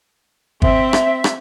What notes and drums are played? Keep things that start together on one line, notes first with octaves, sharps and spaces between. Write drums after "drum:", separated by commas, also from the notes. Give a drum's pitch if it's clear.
C4 E5, drum: kick
drum: rim click
drum: rim click